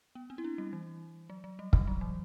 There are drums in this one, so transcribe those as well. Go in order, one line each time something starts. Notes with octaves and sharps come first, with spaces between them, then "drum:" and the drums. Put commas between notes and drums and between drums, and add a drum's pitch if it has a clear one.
B3
C4
E4
D4
G3
E3
F#3
F#3
G3
G3, drum: kick
F#3
E3